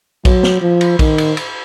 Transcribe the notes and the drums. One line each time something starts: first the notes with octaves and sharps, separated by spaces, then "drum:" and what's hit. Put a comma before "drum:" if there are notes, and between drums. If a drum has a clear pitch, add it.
F#3, drum: kick, cymbal
drum: snare
F3
drum: cymbal
D#3, drum: kick, cymbal
drum: cymbal
drum: cymbal